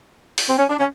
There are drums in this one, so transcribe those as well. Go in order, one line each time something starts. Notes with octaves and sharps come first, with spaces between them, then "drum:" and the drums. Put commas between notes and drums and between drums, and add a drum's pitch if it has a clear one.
drum: open hi-hat
C4
C#4
D4
C#4